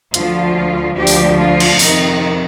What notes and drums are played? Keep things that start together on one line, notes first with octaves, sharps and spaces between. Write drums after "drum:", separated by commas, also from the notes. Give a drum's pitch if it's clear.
D2 D3 F3 F4, drum: hi-hat
D2 D3 F3 G4
drum: open hi-hat
F4
drum: cymbal
F2 C3 D#3 D#4, drum: open hi-hat